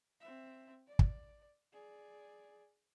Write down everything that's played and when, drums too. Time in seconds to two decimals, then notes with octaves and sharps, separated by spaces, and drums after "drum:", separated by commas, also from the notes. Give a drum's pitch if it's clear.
0.21 C4 E5
0.88 D5
0.99 drum: kick
1.73 G#4 D5